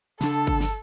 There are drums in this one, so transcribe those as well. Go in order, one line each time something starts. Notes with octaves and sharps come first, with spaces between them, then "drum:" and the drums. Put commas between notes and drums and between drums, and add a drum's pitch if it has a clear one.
C#3 D4 A4 A5, drum: snare
drum: hi-hat
drum: kick G1
drum: snare